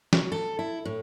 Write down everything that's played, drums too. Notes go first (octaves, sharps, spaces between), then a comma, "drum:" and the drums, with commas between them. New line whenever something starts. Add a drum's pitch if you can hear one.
F#3, drum: snare
A4
E4
A2